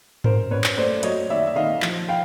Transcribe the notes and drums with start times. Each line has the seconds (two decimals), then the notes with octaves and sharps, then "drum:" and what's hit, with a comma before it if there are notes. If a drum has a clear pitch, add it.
0.24 F#2 A#4 C5, drum: tom G#2
0.51 F#2 B4 C#5
0.64 drum: clap
0.77 A3 C5 D5
1.03 F#3 C#5 D#5, drum: hi-hat
1.30 D#3 D5 E5
1.47 E5
1.56 D#3 D#5 F5
1.82 F3, drum: clap
2.09 F5 G5